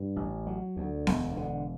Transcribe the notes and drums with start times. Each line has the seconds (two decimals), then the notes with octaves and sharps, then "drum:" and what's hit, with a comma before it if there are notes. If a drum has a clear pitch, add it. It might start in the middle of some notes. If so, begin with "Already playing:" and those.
Already playing: G2
0.16 A1
0.47 F#3
0.77 D2
1.07 E1, drum: snare B3
1.37 D3